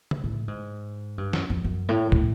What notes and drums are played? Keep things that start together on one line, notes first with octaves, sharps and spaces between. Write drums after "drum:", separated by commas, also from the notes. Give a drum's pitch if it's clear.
drum: tom C#3
A2
G#2
G2
F#2, drum: snare
F2
F#2
A2
A2, drum: kick